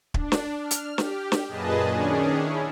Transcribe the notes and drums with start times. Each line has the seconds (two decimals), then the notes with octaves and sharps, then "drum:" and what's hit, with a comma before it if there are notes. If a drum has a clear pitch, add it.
0.14 D4, drum: kick
0.32 drum: snare
0.59 F6
0.71 drum: hi-hat
0.98 G4, drum: snare
1.32 drum: snare
1.48 F#2 A#2 G#4 B4 D#5 A5
1.86 D#3 C#4 D4 G#4
2.37 C#4 E4